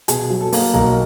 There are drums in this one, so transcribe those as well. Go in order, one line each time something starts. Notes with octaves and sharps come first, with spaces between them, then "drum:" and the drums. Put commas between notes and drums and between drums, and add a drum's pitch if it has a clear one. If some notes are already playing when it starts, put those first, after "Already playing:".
B2 G#4, drum: hi-hat
F#3
A4
A#3, drum: open hi-hat
B1 A#4